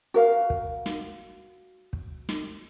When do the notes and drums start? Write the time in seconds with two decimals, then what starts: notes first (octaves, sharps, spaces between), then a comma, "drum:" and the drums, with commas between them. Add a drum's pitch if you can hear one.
0.14 F#4 A#4 F5
0.50 drum: kick
0.86 drum: snare
1.93 drum: kick
2.29 drum: snare